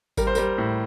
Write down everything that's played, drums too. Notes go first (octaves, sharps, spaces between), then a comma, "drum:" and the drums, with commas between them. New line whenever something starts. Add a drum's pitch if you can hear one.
G3 A#4, drum: kick G#1, tambourine
C5
G3 A#4, drum: tambourine
A2